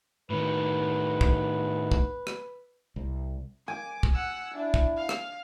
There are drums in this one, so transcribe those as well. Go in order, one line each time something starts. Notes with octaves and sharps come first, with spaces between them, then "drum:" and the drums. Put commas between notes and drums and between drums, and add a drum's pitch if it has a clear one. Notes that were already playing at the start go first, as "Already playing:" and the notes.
A2 D#3 B4
drum: kick
drum: kick
drum: rim click
C2
G#5 D6
drum: kick
F#5 E6
D4 E4
drum: kick
F5
drum: rim click